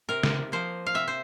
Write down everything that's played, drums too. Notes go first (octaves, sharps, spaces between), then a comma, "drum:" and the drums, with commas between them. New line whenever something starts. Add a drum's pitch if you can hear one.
C3 A#4
drum: snare
F3 A#3 C5
F5
C3 E5
C5